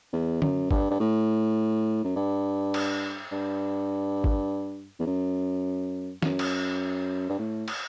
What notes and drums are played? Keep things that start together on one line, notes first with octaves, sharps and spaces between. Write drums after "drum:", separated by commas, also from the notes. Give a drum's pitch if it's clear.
E2
F#2, drum: tom D3
G2, drum: kick
G2
A2
F#2
G2
drum: cymbal
G2
drum: kick
E2
F#2
F#2, drum: snare
drum: cymbal
G2
A2
drum: cymbal